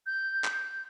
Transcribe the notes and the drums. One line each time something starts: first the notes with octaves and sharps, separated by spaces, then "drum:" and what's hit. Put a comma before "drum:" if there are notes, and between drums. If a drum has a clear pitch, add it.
G6
drum: clap